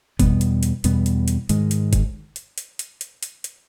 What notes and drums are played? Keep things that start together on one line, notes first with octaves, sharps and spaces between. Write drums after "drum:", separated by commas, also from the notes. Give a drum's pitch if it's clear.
E2 B2 G3 B3, drum: kick F#1, hi-hat
drum: hi-hat
drum: hi-hat
E2 B2 G3 B3, drum: hi-hat
drum: hi-hat
drum: hi-hat
G#2 D#3 G#3, drum: hi-hat
drum: hi-hat
drum: kick F#1, hi-hat
drum: hi-hat
drum: hi-hat
drum: hi-hat
drum: hi-hat
drum: hi-hat
drum: hi-hat